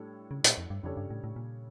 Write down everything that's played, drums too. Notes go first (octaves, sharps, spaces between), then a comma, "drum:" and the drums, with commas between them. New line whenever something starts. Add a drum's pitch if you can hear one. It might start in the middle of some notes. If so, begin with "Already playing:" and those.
Already playing: A2 G3 D4 A4 C#5
C#3
A#2, drum: hi-hat
F2
G2
F2 C#3 G3 D4 A4 C#5
G2
A2
A2
A#2